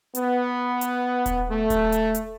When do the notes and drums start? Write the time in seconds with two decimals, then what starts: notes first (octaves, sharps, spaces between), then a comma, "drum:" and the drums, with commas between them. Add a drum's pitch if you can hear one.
0.15 B3, drum: hi-hat
0.81 drum: hi-hat
1.26 drum: kick D#1, hi-hat
1.50 A3
1.70 drum: kick D#1, hi-hat
1.92 drum: hi-hat
2.15 drum: hi-hat